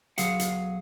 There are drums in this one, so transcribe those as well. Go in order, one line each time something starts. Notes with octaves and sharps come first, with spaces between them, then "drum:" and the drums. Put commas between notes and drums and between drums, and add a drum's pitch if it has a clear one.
B1 B2 F#3 G#4 F5 F#5, drum: hi-hat
drum: hi-hat